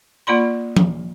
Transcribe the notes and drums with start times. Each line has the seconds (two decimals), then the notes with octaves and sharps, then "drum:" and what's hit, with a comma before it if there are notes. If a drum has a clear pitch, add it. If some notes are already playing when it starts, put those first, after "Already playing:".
0.27 A#3 F4 D5 B5 C6
0.77 drum: tom F3